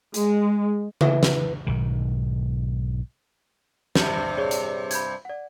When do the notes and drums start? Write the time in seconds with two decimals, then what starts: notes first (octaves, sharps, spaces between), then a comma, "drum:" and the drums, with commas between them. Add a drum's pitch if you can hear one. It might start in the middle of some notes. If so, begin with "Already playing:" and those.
0.14 G#3, drum: hi-hat
1.01 E3, drum: tom C#3
1.23 drum: snare
1.67 B1 G#2 D#3
3.95 G2 C3 G6 C#7, drum: snare
4.38 G#4 C#5 D5
4.51 drum: hi-hat
4.91 B5 G6 G#6, drum: hi-hat
5.25 D5 F#5